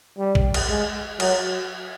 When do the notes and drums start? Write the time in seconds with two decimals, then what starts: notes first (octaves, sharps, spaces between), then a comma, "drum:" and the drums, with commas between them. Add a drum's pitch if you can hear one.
0.18 G3
0.35 drum: kick
0.54 drum: cymbal
0.69 G#3
1.20 F#3, drum: cymbal